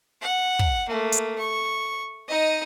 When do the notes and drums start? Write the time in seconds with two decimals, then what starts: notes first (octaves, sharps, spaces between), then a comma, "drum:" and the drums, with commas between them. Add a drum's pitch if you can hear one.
0.21 F#5
0.59 drum: kick
0.88 A3 A#3
1.12 drum: hi-hat
1.38 C#6
2.28 D#4 D#5